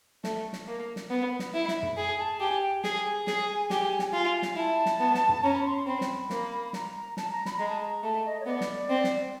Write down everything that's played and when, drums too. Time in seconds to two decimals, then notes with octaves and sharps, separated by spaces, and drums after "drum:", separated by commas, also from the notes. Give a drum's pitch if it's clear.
0.24 A3, drum: snare
0.53 drum: snare
0.68 A#3
0.96 drum: snare
1.10 B3
1.39 drum: snare
1.54 E4
1.68 drum: snare
1.83 drum: tom
1.97 G#4 G#5
2.18 A5
2.40 G4 G#5
2.62 G5
2.84 G#4 G#5, drum: snare
3.27 G#4, drum: snare
3.70 G4, drum: snare
3.99 drum: snare
4.13 F4
4.42 drum: snare
4.56 E4 A5
4.86 drum: snare
5.00 B3
5.14 drum: snare
5.29 drum: tom
5.43 C#4 A#5
5.54 B5
5.65 C6
5.76 C6
5.86 C4 B5
6.01 drum: snare
6.30 A#3, drum: snare
6.73 A#5, drum: snare
7.17 A5, drum: snare
7.31 A#5
7.46 B5, drum: snare
7.57 G#3 A#5
7.68 A5
7.80 A#5
8.03 A3 A5
8.25 D#5
8.40 C#5
8.46 B3 D5
8.61 drum: snare
8.90 C4
9.04 drum: snare